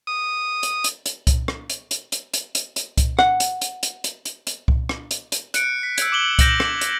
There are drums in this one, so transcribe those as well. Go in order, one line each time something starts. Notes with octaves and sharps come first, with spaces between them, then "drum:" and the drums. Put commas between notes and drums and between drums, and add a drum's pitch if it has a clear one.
D#6
drum: hi-hat
drum: hi-hat
drum: hi-hat
drum: kick C2, hi-hat
drum: rim click
drum: hi-hat
drum: hi-hat
drum: hi-hat
drum: hi-hat
drum: hi-hat
drum: hi-hat
drum: kick C2, hi-hat
F#5, drum: rim click
drum: hi-hat
drum: hi-hat
drum: hi-hat
drum: hi-hat
drum: hi-hat
drum: hi-hat
drum: kick C2
drum: rim click
drum: hi-hat
drum: hi-hat
F#6 C#7 D7, drum: hi-hat
B6
E6 G6 G#6, drum: hi-hat
D6 E7 F#7 G7
G6 A#6 D7 E7 F#7, drum: kick C2, hi-hat
drum: rim click
drum: hi-hat